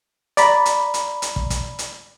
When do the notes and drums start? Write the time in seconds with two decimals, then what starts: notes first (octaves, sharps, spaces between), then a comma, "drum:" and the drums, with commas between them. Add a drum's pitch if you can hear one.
0.37 D5 A#5 B5, drum: hi-hat
0.66 drum: hi-hat
0.94 drum: hi-hat
1.22 drum: hi-hat
1.36 drum: kick
1.50 drum: kick, hi-hat
1.79 drum: hi-hat